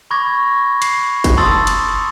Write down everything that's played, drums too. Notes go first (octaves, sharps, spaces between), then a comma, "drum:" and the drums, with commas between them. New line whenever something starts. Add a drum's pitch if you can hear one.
B5 C#6 D6 G#6 A#6
C7, drum: cymbal
drum: kick, cymbal
A5 C6 D#6 E6 A6
drum: cymbal